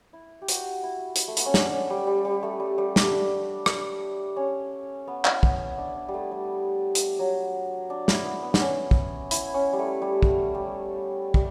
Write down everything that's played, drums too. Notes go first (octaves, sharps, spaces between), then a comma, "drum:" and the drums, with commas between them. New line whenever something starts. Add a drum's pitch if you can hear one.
E4
G4
F#4, drum: hi-hat
E4
drum: hi-hat
A3
B3, drum: hi-hat
C#4
D4, drum: snare
D4
C#4
G3
G3
G3
A3
G3
G3
D4, drum: snare
drum: rim click
C#4
B3
E4, drum: clap
B3, drum: kick
D4
D4
G3
A3
G3
drum: hi-hat
F#3
D4
E4, drum: snare
B3
B3
D4, drum: snare
C#4
drum: kick
E4, drum: hi-hat
C#4
G3
A3
G3
drum: kick
G3
G3, drum: kick